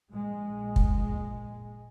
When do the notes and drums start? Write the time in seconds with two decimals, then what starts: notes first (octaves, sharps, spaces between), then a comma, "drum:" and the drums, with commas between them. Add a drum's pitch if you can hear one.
0.12 A#1 G#3
0.76 drum: kick